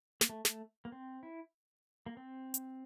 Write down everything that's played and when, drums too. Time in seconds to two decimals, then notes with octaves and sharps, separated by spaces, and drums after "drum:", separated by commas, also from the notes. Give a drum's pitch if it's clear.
0.21 A#3, drum: snare
0.29 A3
0.45 A3, drum: snare
0.85 A#3
0.92 C4
1.23 E4
2.06 A#3
2.17 C4
2.54 drum: hi-hat